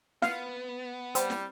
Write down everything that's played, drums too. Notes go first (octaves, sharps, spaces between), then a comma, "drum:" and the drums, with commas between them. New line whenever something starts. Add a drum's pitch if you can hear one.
B3 F5, drum: snare
G3 C4, drum: hi-hat
drum: snare